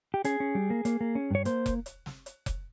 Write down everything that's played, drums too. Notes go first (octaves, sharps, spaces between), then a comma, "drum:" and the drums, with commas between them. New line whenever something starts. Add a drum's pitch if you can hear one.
G4
C#4 G#4, drum: hi-hat
C#4
G3
A#3
A#3, drum: hi-hat
A#3
C#4
G2 C#5
A#3 C5, drum: hi-hat
drum: kick F1, hi-hat
drum: hi-hat
drum: snare
drum: hi-hat
drum: kick F1, hi-hat